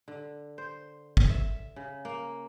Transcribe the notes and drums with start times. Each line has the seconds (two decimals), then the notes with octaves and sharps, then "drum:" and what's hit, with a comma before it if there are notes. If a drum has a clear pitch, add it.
0.08 D3
0.58 C5
1.17 drum: kick
1.30 E5
1.76 C#3
2.05 A#3